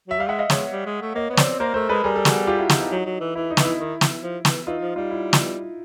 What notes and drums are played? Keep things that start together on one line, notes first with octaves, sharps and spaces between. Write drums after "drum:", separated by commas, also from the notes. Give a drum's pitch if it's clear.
F#3 E5
G3 F5
G#3 E5 F#5
D#5 F5
G#3 C#5 D#5, drum: snare
G3
G#3
A3
A#3 C#5 D#5
B3 C#5
C5 D5, drum: snare
C4
A#3 A#4 C5
A3 A#4 C5
G#3 A4 B4
G3 G#4 A#4
A4
F#4 G#4, drum: snare
F4 G4
E4 F#4
D#4 F4, drum: snare
D#4
F#3
F#3
E3
E3 E4
D#4
E3, drum: snare
E4
D#3
drum: snare
F3
E3, drum: snare
E3 D#4 F4
F3
G3 D#4 F4
E4
drum: snare